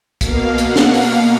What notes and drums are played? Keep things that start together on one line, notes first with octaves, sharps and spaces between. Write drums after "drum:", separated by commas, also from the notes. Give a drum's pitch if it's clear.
B2 A#3 F5, drum: kick, hi-hat
F#5, drum: hi-hat
drum: snare
F5, drum: open hi-hat